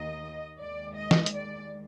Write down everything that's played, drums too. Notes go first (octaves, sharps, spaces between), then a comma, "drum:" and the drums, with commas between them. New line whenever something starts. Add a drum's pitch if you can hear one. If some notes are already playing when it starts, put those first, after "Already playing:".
Already playing: D#2 D#3 A#3 D#5
D#2 D#3 G#3 D5
D#5
drum: snare
drum: hi-hat
D5